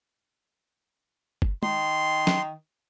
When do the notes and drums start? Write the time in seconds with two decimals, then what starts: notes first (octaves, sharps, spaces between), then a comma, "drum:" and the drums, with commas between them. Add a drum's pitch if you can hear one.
1.42 drum: kick
1.63 D#3 C6, drum: tom
2.27 drum: snare F#3